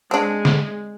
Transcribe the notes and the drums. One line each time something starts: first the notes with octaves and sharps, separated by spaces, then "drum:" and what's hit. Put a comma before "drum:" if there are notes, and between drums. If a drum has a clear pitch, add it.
G#3 C4 D4
drum: snare